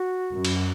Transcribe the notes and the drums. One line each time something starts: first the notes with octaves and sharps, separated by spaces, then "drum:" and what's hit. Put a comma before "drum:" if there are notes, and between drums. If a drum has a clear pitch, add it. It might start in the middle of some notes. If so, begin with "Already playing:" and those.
Already playing: F#4
F#2
drum: cymbal